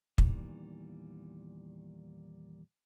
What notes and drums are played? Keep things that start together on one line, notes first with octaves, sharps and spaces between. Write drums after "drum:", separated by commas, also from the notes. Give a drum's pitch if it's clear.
E2 A#2 D#3 E3 G3, drum: kick